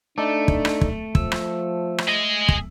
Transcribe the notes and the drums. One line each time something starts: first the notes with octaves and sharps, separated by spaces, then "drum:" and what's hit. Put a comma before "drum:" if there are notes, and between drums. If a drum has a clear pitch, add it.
A3 D4 D#4 A4 D5
drum: kick
drum: rim click
drum: kick
F3 E6, drum: kick
drum: rim click
drum: rim click
G#4 D#5
drum: kick